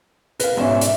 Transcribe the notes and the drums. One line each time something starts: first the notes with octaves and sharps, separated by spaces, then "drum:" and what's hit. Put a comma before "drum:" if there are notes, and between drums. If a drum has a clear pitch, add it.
A#4 B4 F5, drum: hi-hat
G#2 B2 E3 A3 C#4 E5
D5, drum: hi-hat